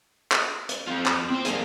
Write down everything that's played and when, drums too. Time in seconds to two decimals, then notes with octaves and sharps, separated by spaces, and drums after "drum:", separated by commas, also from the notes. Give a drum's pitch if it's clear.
0.32 drum: clap
0.69 drum: hi-hat
0.87 C4 F4
1.06 drum: clap
1.30 C4 C5
1.45 A#3 G#4, drum: hi-hat